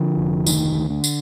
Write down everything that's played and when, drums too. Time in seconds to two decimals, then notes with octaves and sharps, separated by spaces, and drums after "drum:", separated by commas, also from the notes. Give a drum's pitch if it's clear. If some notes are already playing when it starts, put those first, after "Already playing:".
Already playing: D3 F3
0.18 F1
0.46 D2 D#3, drum: tambourine
0.75 D2
0.90 D3
1.04 drum: tambourine